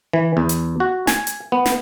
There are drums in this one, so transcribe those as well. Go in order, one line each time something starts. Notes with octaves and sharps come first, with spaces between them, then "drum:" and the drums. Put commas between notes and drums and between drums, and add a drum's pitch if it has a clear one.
E3
E2
drum: hi-hat
F#4
G#5, drum: snare
drum: hi-hat
B3
drum: snare